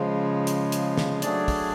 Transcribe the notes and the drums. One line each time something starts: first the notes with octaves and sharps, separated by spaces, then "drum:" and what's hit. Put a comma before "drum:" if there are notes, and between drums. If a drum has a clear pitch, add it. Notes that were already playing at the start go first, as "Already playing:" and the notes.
Already playing: C#3 F3 G#3
drum: hi-hat
drum: hi-hat
drum: snare
F#3 A3 D4 G#4 D5, drum: hi-hat
drum: kick, open hi-hat